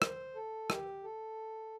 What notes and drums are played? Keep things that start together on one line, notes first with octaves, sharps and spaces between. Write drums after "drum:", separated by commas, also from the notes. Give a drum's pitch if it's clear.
C5, drum: rim click
A4
G4, drum: rim click
A4